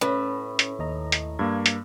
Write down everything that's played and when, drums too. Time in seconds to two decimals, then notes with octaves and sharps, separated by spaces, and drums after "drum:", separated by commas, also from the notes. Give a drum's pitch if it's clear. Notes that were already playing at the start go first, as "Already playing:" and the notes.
0.01 A2 C#4 B4
0.59 drum: hi-hat
0.79 D#2 D#5 A#5
1.12 drum: hi-hat
1.39 G2 A#3 G#6
1.66 drum: hi-hat